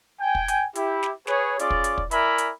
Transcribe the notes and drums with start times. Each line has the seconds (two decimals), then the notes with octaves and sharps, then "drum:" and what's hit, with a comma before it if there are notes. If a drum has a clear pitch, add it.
0.20 G5 G#5
0.35 drum: kick
0.48 drum: hi-hat
0.75 E4 G4, drum: hi-hat
1.03 drum: snare
1.27 G#4 B4 C#5, drum: snare
1.59 C#4 F4 G#4 D5, drum: hi-hat
1.70 drum: kick
1.84 drum: hi-hat
1.98 drum: kick
2.11 E4 A#4 D5 E5 G#5 B5, drum: hi-hat
2.38 drum: hi-hat